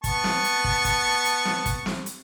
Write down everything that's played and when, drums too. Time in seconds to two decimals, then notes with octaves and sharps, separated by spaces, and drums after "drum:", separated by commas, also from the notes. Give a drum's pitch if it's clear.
0.04 B3 A5 C#6, drum: kick, hi-hat
0.24 drum: snare
0.44 drum: hi-hat
0.64 drum: kick
0.85 drum: kick, hi-hat
1.25 drum: hi-hat
1.45 drum: snare
1.66 drum: kick, hi-hat
1.86 drum: snare
2.06 drum: hi-hat